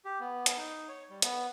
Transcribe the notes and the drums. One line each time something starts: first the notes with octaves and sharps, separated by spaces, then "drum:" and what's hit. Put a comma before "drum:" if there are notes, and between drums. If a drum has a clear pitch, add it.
G4
B3
drum: hi-hat
D#4
C#5
G3
B3, drum: hi-hat